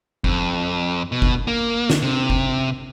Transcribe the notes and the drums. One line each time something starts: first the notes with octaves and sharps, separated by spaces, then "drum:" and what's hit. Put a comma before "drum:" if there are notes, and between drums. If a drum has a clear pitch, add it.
F2, drum: kick F#1
B2
drum: kick F#1
A#3
drum: snare
C3
drum: kick F#1